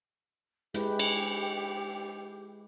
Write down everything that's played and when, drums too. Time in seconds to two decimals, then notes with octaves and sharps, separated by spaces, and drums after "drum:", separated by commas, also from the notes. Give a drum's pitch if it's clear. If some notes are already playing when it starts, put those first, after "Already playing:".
0.74 G#3 E4 G4 B4, drum: hi-hat
0.99 drum: cymbal